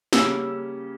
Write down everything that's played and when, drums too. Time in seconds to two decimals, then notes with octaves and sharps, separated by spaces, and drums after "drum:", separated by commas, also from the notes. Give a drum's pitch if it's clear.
0.13 C#3 G3 A#3 C#4 E6, drum: snare